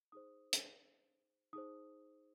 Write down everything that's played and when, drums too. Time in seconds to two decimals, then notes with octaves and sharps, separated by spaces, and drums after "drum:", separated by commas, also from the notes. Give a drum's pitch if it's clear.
0.12 D#4 G#4 C5 D#6
0.53 drum: hi-hat
1.53 D#4 G#4 C5 D#6